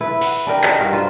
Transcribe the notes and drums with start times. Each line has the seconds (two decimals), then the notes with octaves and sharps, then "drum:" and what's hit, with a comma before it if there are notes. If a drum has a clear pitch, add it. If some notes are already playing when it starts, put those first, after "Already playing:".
0.01 E4 B4
0.21 F#5, drum: cymbal
0.47 D4 G4 A#4
0.64 D#4 A#4, drum: clap
0.80 G2 F#4 F5
0.93 F4 B4 C5